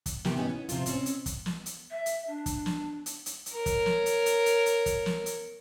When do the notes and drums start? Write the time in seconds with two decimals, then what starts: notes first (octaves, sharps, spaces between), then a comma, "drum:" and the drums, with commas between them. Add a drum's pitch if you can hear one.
0.06 drum: kick, hi-hat
0.25 C3 D#3 B3 G4, drum: snare
0.36 E3 B3 C#4 D#4
0.49 C#4
0.69 C3 F3 C4 F4, drum: hi-hat
0.86 B2 C4 C#4, drum: hi-hat
1.06 drum: hi-hat
1.26 drum: kick, hi-hat
1.46 drum: snare
1.66 drum: hi-hat
1.91 E5
2.06 drum: hi-hat
2.27 D4
2.46 drum: kick, hi-hat
2.66 drum: snare
3.06 drum: hi-hat
3.26 drum: hi-hat
3.46 drum: hi-hat
3.55 A#4 C#5
3.66 drum: kick, hi-hat
3.86 drum: snare
4.06 drum: hi-hat
4.26 drum: hi-hat
4.46 drum: hi-hat
4.66 drum: hi-hat
4.86 drum: kick, hi-hat
5.06 drum: snare
5.26 drum: hi-hat